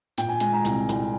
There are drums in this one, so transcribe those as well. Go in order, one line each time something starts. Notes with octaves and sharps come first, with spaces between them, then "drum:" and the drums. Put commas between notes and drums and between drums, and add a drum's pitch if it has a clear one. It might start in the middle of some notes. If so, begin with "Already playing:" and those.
A#2 G5, drum: hi-hat
G#5
G#3 G#5, drum: hi-hat
A#5
C2, drum: hi-hat
C2, drum: hi-hat